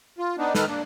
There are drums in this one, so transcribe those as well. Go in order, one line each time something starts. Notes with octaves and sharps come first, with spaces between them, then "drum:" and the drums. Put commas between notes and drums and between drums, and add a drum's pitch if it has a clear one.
F4
B3 D4 D#4
D#3 D#4 A4 B4 F6, drum: snare
A#3 D4